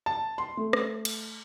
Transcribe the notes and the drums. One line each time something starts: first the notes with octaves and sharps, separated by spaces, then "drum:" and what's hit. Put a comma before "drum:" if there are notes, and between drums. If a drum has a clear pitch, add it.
A5
C6
A3
drum: rim click
drum: cymbal